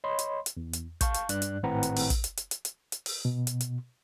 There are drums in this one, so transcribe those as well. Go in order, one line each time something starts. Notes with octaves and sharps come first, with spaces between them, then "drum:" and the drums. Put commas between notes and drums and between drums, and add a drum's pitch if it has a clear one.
C#5 D#5 B5 C6
drum: hi-hat
drum: hi-hat
E2
drum: hi-hat
F5 A5 C#6 G6, drum: kick, hi-hat
drum: hi-hat
G2 D5 F#6, drum: hi-hat
drum: hi-hat
G#1 A2 C4 B4 F#5 A#5
drum: hi-hat
drum: open hi-hat
drum: kick, hi-hat
drum: hi-hat
drum: hi-hat
drum: hi-hat
drum: hi-hat
drum: hi-hat
drum: open hi-hat
B2
drum: hi-hat
drum: hi-hat